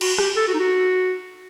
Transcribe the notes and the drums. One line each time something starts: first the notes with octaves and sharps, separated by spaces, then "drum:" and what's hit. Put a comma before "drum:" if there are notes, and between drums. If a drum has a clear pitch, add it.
F#4, drum: cymbal
G4, drum: rim click
A4
F#4
D#4
F#4